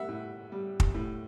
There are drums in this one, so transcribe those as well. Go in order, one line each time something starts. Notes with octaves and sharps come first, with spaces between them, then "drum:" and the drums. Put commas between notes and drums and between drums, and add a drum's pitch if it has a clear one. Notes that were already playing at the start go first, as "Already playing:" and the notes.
Already playing: G3 E5 F#5
A2
G3
drum: kick
A2